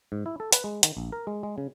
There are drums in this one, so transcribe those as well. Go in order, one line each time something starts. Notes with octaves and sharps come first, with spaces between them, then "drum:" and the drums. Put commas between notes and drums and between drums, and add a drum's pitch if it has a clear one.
G#2
E4
A4
B4, drum: hi-hat
G#3
D#3, drum: hi-hat
A#1
A#4
G#3
G#3
C#3